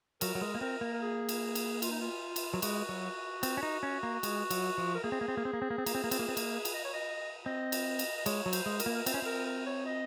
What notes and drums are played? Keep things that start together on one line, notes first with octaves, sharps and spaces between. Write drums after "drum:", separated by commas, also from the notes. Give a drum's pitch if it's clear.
F#3 A#4, drum: cymbal
F#3
G#3
A#3
C4 A#4
A#3
A#4
G#4
drum: cymbal
drum: cymbal
F4, drum: cymbal
D#4
F4
drum: cymbal
F#3
G#3 F#4, drum: cymbal
F#3
C4, drum: cymbal
C#4
D#4
C#4
A#3
G#3, drum: cymbal
F#3, drum: cymbal
F3
A#4
A#3 G#4
C4
A#3
C4
A#3
C4
A#3
C4
A#3
C4
A#3, drum: cymbal
C4
A#3
C4, drum: cymbal
A#3
C4
A#3, drum: cymbal
drum: cymbal
D#5
C#5
D#5
C4 D#5
drum: cymbal
drum: cymbal
D#5
G#3 C#5, drum: cymbal
F#3
C5, drum: cymbal
G#3
A#4, drum: cymbal
A#3
A#4
C4 C5, drum: cymbal
C#4
C4 A#4
A#4
C#5
D#5